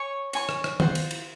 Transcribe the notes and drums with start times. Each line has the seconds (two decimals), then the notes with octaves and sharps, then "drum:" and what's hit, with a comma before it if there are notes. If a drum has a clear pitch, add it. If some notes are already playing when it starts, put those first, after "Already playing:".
Already playing: C#5 G#5 C#6
0.33 C#5 G#5 C#6, drum: cymbal
0.49 drum: rim click
0.64 drum: rim click
0.80 F4 C5 F#5, drum: tom
0.95 drum: cymbal
1.11 drum: cymbal